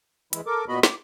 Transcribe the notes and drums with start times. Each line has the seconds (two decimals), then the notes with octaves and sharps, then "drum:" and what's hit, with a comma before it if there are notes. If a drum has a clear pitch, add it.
0.33 E3 G#3 E4, drum: hi-hat
0.46 A4 A#4 D6
0.68 A#2 B3 F#4 D#5 B5
0.83 D6, drum: snare